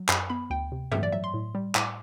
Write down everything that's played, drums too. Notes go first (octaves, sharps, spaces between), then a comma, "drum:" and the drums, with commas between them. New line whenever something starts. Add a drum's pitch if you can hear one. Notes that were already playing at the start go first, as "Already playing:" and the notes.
Already playing: F#3
F#2 B5, drum: clap
B3 B5
D2 G5
C3
A3 E5, drum: tom G2
D5
F#3 E5
C6
A2
G3
A2 D6, drum: clap